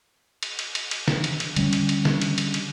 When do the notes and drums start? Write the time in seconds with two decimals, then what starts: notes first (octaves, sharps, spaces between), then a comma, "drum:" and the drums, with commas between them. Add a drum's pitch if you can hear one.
0.43 drum: cymbal
0.59 drum: cymbal
0.75 drum: cymbal
0.91 drum: cymbal
1.08 drum: snare
1.24 drum: cymbal
1.40 drum: cymbal
1.56 D3 G3 A3 C#4, drum: cymbal
1.73 drum: cymbal
1.89 drum: cymbal
2.05 drum: snare
2.22 drum: cymbal
2.38 drum: cymbal
2.54 drum: cymbal